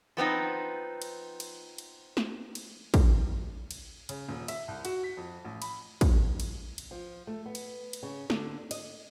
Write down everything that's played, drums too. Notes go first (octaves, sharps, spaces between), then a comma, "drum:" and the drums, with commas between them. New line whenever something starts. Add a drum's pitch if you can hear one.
F3 B3 C4 D#4
drum: cymbal
drum: cymbal
drum: cymbal
drum: snare
drum: cymbal
drum: kick, cymbal
drum: cymbal
C#3, drum: cymbal
D#1
E5, drum: cymbal
C2
F#4, drum: cymbal
B6
F2
A1
B5, drum: cymbal
drum: kick, cymbal
drum: cymbal
drum: cymbal
F3
A3
B3
drum: cymbal
drum: cymbal
C#3
D3, drum: snare
D#5, drum: cymbal